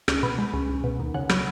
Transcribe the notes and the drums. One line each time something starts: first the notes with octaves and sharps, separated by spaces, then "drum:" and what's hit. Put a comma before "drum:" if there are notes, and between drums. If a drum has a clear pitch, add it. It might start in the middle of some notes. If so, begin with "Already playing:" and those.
C#2, drum: rim click
B2 B5
G#3 B5
C#2
C#2
B2
D#2
C#3 F#5
F#3 B5, drum: rim click